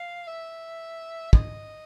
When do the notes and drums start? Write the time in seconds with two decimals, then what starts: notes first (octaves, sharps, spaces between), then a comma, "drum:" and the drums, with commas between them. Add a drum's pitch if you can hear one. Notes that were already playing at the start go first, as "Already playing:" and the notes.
Already playing: F5
0.27 E5
1.33 D#5, drum: kick